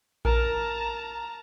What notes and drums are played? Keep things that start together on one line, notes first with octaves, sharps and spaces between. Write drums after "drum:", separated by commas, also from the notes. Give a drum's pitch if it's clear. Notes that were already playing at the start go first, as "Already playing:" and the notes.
A#4 A5 A#5, drum: kick A#1